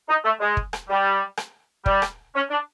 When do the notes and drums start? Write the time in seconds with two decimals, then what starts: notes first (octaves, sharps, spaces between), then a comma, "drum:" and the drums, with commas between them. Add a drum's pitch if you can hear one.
0.09 D#4
0.24 A3
0.40 G#3
0.57 drum: kick
0.73 drum: rim click
0.90 G3
1.37 drum: rim click
1.86 G3, drum: kick
2.02 drum: rim click
2.35 C#4
2.50 D4